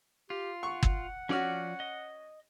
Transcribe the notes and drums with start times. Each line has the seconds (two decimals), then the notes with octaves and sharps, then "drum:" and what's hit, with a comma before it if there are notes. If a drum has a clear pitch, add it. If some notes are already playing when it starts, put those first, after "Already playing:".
0.30 F4 G4
0.63 F#5 C#6
0.83 drum: kick
1.29 F3 C#4 F#4 D5 F6
1.80 D#5